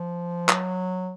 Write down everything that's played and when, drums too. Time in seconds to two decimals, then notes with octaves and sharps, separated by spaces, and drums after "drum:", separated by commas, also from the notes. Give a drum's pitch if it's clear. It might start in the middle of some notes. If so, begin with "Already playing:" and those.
Already playing: F3
0.49 F#3, drum: clap